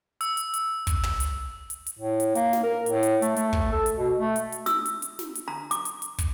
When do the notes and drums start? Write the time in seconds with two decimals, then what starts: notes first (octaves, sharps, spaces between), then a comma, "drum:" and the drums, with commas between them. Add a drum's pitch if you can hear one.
0.21 E6, drum: hi-hat
0.37 drum: hi-hat
0.54 drum: hi-hat
0.87 drum: kick, hi-hat
1.03 drum: tom
1.20 drum: hi-hat
1.70 drum: hi-hat
1.87 drum: hi-hat
1.99 A2
2.20 drum: hi-hat
2.35 A#3, drum: hi-hat
2.53 drum: snare
2.64 A#4
2.86 A2, drum: hi-hat
3.03 drum: hi-hat
3.22 A3, drum: hi-hat
3.37 A3, drum: hi-hat
3.53 drum: kick
3.72 A4
3.86 drum: hi-hat
3.97 B2
4.18 A3
4.36 drum: hi-hat
4.52 drum: hi-hat
4.66 E6, drum: snare
4.86 drum: hi-hat
5.02 drum: hi-hat
5.19 drum: snare
5.35 drum: hi-hat
5.48 A#5
5.71 D6, drum: hi-hat
5.85 drum: hi-hat
6.02 drum: hi-hat
6.18 drum: kick, hi-hat